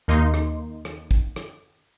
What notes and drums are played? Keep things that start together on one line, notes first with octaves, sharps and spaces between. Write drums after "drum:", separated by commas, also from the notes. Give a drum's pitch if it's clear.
D#2 A#3 D#4 C6
drum: rim click
drum: rim click
drum: kick
drum: rim click